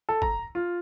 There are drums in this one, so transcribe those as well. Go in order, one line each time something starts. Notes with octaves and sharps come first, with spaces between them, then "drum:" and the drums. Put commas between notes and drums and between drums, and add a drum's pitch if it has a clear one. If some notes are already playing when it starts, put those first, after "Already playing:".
A4
A#5, drum: kick
F4